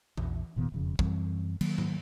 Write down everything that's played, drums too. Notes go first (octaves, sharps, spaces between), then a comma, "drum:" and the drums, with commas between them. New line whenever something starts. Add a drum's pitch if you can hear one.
A#1 E2, drum: tom E3
E1 A#2 D#3 B3
E1 F2 C#3
F#2 E3 G3 C4, drum: kick
D#3 F#3 A#3, drum: cymbal
drum: tom G#2